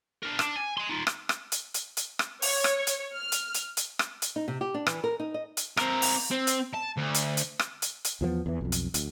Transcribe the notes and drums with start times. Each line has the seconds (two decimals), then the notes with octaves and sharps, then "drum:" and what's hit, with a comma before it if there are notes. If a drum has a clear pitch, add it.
0.23 D4 A#4
0.39 D4, drum: rim click
0.56 G#5
0.77 G#5 C6
0.89 D#4 F4
1.07 drum: rim click
1.29 drum: rim click
1.52 drum: hi-hat
1.74 drum: hi-hat
1.97 drum: hi-hat
2.19 drum: rim click
2.42 C#5, drum: open hi-hat
2.64 drum: rim click
2.87 drum: hi-hat
3.14 F6
3.32 drum: hi-hat
3.54 drum: hi-hat
3.77 drum: hi-hat
3.99 drum: rim click
4.22 drum: hi-hat
4.36 D#4
4.48 C3
4.61 G4
4.74 D4
4.87 E3, drum: rim click
5.04 A#4
5.20 D#4
5.34 D#5
5.57 drum: hi-hat
5.77 C4 A#4, drum: rim click
6.02 drum: open hi-hat
6.31 C4
6.47 drum: hi-hat
6.74 A5
6.97 D2
7.14 drum: hi-hat
7.37 drum: hi-hat
7.59 drum: rim click
7.82 drum: hi-hat
8.04 drum: hi-hat
8.21 E2 F3 A#3 B3
8.46 E2 E3
8.61 B1 F2
8.72 drum: hi-hat
8.94 D2, drum: hi-hat